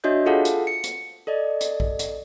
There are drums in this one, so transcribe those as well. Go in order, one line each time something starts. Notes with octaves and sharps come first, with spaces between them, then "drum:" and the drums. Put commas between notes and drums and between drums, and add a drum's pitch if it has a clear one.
D4 F#4 C#5 D#5 E5 G6
F4 G#4 A4 F5 F#5 A5
drum: hi-hat
C#7
drum: hi-hat
A4 D5 D#5
drum: hi-hat
drum: kick A#1
drum: hi-hat